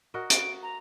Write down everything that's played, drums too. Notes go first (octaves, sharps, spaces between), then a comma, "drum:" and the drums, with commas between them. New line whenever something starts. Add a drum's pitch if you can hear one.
F#4 A#4 D#5
D7, drum: hi-hat
A#5